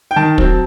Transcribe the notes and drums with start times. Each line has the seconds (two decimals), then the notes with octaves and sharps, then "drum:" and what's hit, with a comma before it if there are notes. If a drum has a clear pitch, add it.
0.11 G5
0.16 D#3 A5
0.38 F#3 C4, drum: kick